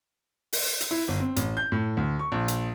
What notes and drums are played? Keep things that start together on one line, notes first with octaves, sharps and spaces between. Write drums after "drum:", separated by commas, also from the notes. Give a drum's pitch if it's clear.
drum: open hi-hat
drum: hi-hat
E4
G1
C4
A1, drum: hi-hat
G6
A2
D2
C#6
A#1
drum: hi-hat